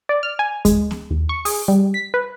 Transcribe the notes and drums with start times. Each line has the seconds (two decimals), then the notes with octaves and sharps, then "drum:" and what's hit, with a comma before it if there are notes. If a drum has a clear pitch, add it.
0.09 D5
0.23 F6
0.39 G#5
0.65 G#3, drum: kick D2, hi-hat
0.91 drum: snare B3
1.11 D#2
1.29 C#6
1.45 G#4, drum: open hi-hat
1.68 G3
1.94 B6
2.14 B4